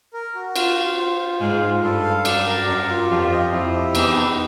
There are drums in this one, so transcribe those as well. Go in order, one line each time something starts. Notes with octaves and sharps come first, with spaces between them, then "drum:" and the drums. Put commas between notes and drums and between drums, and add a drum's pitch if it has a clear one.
A#4
F#4
F4, drum: cymbal
F4
C5
F4
G#2 G#3 F5
F4
G2 G3 A4
F5
F#2 F#3 D5, drum: cymbal
A#4
F#2 F#3 D5
F4
F2 F3 G4
D#5
F2 F3 E4
G4
E2 E3 D#4, drum: cymbal
D#4